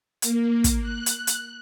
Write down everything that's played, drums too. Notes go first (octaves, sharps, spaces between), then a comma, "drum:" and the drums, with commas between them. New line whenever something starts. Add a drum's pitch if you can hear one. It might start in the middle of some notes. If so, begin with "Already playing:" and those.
A#3, drum: hi-hat
drum: kick, hi-hat
F#6
drum: hi-hat
drum: hi-hat